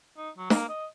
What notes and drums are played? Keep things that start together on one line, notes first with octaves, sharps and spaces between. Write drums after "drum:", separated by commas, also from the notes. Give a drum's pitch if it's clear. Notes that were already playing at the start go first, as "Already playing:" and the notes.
D#4
F#3
A#3, drum: snare
D#5